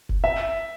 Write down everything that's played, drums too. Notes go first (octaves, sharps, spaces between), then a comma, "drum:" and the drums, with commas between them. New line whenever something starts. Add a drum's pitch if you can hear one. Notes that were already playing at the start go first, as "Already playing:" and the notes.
drum: kick F1
E5